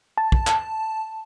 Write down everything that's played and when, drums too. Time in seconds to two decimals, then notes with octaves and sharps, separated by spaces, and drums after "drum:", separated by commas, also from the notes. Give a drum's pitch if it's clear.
0.18 A5
0.32 drum: kick
0.47 drum: clap